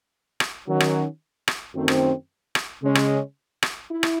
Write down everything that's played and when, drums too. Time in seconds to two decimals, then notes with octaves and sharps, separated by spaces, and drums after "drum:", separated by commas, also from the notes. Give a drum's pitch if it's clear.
0.40 drum: rim click
0.67 D#3 F#3 C#4
0.80 drum: rim click
1.48 drum: rim click
1.74 F#2 D#3 A3 C4
1.88 drum: rim click
2.55 drum: rim click
2.82 C#3 G#3 C#4
2.95 drum: rim click
3.63 drum: rim click
3.90 E4
4.03 drum: rim click